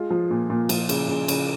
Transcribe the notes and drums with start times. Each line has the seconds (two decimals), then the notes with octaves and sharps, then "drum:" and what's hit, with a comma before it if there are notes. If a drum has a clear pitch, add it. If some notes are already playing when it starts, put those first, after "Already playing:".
Already playing: G#3 F4
0.11 F3
0.31 A#2
0.50 A#2
0.69 F3, drum: cymbal
0.89 C#3, drum: cymbal
1.08 C#3
1.28 C#3, drum: cymbal